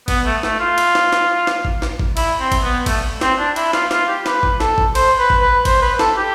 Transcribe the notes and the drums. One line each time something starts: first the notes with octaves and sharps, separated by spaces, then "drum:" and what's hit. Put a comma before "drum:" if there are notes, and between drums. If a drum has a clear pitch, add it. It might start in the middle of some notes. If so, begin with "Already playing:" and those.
B3, drum: kick G#1, cymbal
A3
A3, drum: snare
F4
drum: cymbal
drum: snare
drum: snare
drum: snare
drum: kick G#1
drum: snare
drum: kick G#1
E4, drum: cymbal
C4
drum: kick G#1, cymbal
B3
A3, drum: kick G#1, cymbal
C4, drum: snare
D4
E4, drum: cymbal
F4, drum: snare
F4, drum: snare
G4
B4, drum: snare
drum: kick G#1
A4, drum: snare
drum: kick G#1
C5, drum: cymbal
B4
drum: kick G#1
B4
C5, drum: kick G#1, cymbal
B4
A4, drum: snare
G4